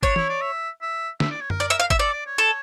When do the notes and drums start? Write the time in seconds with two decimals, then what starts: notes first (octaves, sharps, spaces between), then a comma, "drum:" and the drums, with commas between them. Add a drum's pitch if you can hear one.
0.03 D4 C#5, drum: kick
0.16 E4, drum: tom E3
0.29 D5
0.42 E5
0.82 E5
1.20 E5, drum: snare
1.31 D5
1.41 C#5
1.50 A#4, drum: tom F#2
1.60 D5
1.70 E5
1.80 F5
1.90 E5, drum: kick
1.99 A4 D5
2.12 D5
2.26 C#5
2.38 A4